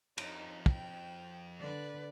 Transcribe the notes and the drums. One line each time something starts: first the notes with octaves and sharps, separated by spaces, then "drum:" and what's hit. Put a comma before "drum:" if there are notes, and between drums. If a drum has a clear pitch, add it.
F2 D#4, drum: cymbal
G5, drum: kick
D3 B4 D5